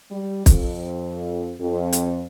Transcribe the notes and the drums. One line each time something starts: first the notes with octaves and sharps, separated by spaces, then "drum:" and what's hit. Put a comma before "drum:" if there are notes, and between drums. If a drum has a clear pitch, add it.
G3
F2, drum: kick, hi-hat
F2
drum: hi-hat